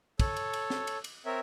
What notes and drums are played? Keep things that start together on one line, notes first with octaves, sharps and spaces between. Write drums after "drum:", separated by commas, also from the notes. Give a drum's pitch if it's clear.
A4 C#5, drum: kick, cymbal
drum: cymbal
drum: cymbal
drum: snare
drum: cymbal
drum: cymbal
C4 A#4 C#5 E5